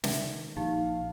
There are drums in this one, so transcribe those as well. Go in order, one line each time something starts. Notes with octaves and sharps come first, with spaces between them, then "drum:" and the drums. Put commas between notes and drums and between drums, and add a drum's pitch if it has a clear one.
D#3 E5, drum: snare
A#1 D#4 G4 F5